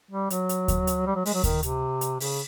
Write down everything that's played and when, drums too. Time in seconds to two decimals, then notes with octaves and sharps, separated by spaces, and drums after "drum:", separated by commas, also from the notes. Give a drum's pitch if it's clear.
0.11 G3
0.30 F#3, drum: hi-hat
0.49 drum: hi-hat
0.68 drum: kick D2, hi-hat
0.87 drum: hi-hat
1.07 G3
1.15 F#3
1.26 G#3, drum: open hi-hat
1.34 F#3
1.44 D#3, drum: kick D2, hi-hat
1.63 C3, drum: hi-hat
2.01 drum: hi-hat
2.20 C#3, drum: open hi-hat